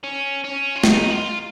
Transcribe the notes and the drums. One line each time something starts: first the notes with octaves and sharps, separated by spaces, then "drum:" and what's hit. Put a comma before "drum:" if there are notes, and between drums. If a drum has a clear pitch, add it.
C#4
C#4
F4
D#4, drum: snare
F4